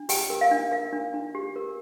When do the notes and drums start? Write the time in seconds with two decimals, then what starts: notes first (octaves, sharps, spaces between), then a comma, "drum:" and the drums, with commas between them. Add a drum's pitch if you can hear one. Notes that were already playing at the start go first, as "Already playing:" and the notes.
Already playing: D4
0.09 G4 G5, drum: open hi-hat
0.30 A#4
0.41 F5
0.51 D4
0.72 A#4 F5
0.93 D4
1.14 D4
1.35 G4
1.56 A#4